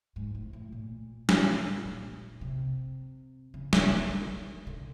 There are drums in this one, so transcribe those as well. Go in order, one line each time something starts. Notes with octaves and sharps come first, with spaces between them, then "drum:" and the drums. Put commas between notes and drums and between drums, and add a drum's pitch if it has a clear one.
G#2
A2
A2
A#2
A2, drum: snare
A#2
C3
C#3
D3, drum: snare
D#3
D#3
D3